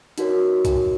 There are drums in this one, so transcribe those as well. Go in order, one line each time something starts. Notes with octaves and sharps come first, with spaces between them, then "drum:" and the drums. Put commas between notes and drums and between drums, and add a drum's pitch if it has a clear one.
D#4 F#4 A#4 C#5, drum: hi-hat
drum: kick C2, hi-hat